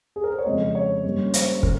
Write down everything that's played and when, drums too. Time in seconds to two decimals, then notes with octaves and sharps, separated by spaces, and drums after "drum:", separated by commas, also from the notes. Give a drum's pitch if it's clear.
0.16 G#4
0.24 A#4
0.31 C5
0.38 C#5
0.46 F2 C#3 G#3 C4 D#5
0.75 C#5
1.04 G2 G3 A#3 C#4
1.34 C5, drum: hi-hat
1.63 C#3 A#4, drum: kick